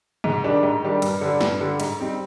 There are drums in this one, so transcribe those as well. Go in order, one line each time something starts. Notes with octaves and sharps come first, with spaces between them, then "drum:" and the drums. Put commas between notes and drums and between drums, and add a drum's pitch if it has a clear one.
G#2, drum: tom B2
D#3 G3 D4
G#2
D#3 G3 D4
G2, drum: cymbal
D3 G3 D4
G2, drum: snare
D3 G3 D4
G#2, drum: cymbal
G3 C4 D#4